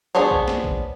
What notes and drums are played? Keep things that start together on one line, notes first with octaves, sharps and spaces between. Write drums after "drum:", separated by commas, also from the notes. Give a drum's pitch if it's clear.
B3 D4 G#4 C5 C#5
drum: kick A#1
drum: snare
drum: kick A#1